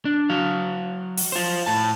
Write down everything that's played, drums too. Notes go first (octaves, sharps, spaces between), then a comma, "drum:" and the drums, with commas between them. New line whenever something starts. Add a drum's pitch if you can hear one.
D4
F#3 F5
drum: open hi-hat
F4 C5
A2 A5